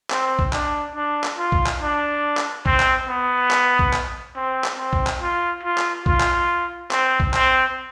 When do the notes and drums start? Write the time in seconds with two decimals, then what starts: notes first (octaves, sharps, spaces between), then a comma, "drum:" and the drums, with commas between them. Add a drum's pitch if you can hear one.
0.11 C4, drum: clap
0.39 drum: kick A#1
0.53 D4, drum: clap
0.95 D4
1.24 drum: clap
1.38 F4
1.52 drum: kick A#1
1.66 drum: clap
1.81 D4
2.37 drum: clap
2.66 C4, drum: kick A#1
2.80 drum: clap
3.08 B3
3.51 drum: clap
3.79 drum: kick A#1
3.93 drum: clap
4.36 C4
4.64 drum: clap
4.78 C4
4.93 drum: kick A#1
5.07 drum: clap
5.21 F4
5.64 F4
5.78 drum: clap
6.06 F4, drum: kick A#1
6.20 drum: clap
6.91 C4, drum: clap
7.20 drum: kick A#1
7.34 C4, drum: clap